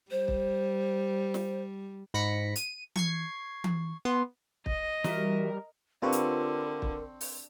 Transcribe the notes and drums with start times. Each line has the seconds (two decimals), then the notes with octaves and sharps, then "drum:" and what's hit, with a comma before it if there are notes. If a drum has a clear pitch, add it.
0.11 G3 C5
0.28 drum: kick
1.34 drum: snare
2.14 G#2 B5 A#6 B6 C#7
2.56 D#7, drum: hi-hat
2.96 C#6 G#6 C7, drum: tom E3
3.64 drum: tom E3
4.05 B3 C6
4.66 D#5, drum: kick
5.04 E3 G3 F#4 A#4 E5, drum: snare
6.02 D3 C4 F4 G4 A#4 B4 C#6
6.12 drum: hi-hat
6.82 drum: kick
7.21 drum: open hi-hat